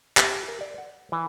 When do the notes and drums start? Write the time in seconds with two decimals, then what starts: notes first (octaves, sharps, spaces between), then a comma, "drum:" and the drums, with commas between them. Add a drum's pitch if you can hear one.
0.17 G4, drum: clap
0.48 A#4
0.61 D5
0.78 F#5
1.12 E3